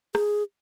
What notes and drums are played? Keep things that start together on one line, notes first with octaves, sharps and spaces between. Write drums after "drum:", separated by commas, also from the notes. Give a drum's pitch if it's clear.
G#4, drum: rim click